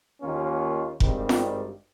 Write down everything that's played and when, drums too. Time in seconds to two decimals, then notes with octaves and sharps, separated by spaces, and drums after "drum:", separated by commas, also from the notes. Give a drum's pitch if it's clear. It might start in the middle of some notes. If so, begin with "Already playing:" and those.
0.22 D#2 D#3 A#3 C#4 F4
1.00 G#1 G2 D#3 G3 C4, drum: kick F1
1.29 drum: snare F4